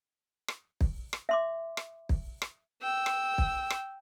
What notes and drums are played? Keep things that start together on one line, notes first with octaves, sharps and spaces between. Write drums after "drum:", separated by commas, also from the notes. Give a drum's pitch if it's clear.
drum: rim click
drum: kick
drum: rim click
E5 C6 D6
drum: rim click
drum: kick
drum: rim click
G5 E6
drum: rim click
drum: kick
drum: rim click